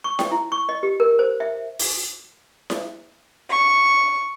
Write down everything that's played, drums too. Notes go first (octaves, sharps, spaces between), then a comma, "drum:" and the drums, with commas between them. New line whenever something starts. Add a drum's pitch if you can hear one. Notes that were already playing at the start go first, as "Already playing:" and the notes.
C#6
G5, drum: snare E4
E4
C#6
D#5
G4
A#4
C5
E5
drum: open hi-hat
drum: snare E4
C#6